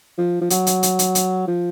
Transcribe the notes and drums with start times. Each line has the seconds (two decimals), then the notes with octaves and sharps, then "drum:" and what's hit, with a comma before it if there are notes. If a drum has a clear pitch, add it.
0.18 F3
0.41 F3
0.50 F#3, drum: hi-hat
0.67 drum: hi-hat
0.83 drum: hi-hat
0.99 drum: hi-hat
1.15 drum: hi-hat
1.47 F3